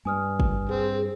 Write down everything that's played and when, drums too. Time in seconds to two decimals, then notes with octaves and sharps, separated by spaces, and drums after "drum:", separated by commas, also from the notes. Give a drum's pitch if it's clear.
0.05 G2 G#5 D#6 F6
0.40 drum: kick
0.69 C4 G#4